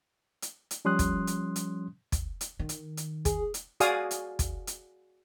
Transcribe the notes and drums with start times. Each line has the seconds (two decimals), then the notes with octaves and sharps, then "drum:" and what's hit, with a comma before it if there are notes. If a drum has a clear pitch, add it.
0.42 drum: hi-hat
0.71 drum: hi-hat
0.85 F3 G3 C#4 C6 D#6 F#6
0.99 drum: kick, hi-hat
1.27 drum: hi-hat
1.56 drum: hi-hat
2.12 drum: kick, hi-hat
2.41 drum: hi-hat
2.59 D#3
2.69 drum: hi-hat
2.97 drum: hi-hat
3.25 G#4, drum: kick, hi-hat
3.54 drum: hi-hat
3.80 F#4 G#4 D5 F5 G#5 D#6, drum: hi-hat
4.11 drum: hi-hat
4.39 drum: kick, hi-hat
4.67 drum: hi-hat